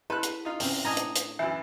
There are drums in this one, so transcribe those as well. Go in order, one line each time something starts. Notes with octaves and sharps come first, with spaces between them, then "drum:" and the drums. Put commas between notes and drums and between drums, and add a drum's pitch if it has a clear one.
E4 A4 B4 F#6
drum: hi-hat
D#4 F4
C3 C4 C#4, drum: open hi-hat
A2 D4 D#5 G#5 A#5
drum: hi-hat
drum: hi-hat
F#2 E3 E5